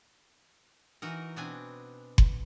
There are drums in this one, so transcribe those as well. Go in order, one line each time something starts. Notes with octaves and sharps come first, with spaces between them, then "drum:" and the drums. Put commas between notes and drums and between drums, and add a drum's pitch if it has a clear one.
E3 D#4 F#4 A#4
B2 B3 C4 D4 G#5
drum: kick F#1